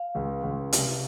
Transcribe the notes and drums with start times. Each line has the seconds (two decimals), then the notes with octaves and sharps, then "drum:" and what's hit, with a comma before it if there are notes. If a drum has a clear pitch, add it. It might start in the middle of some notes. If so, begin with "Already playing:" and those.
Already playing: F5
0.15 C#2
0.43 C#2
0.73 C3, drum: hi-hat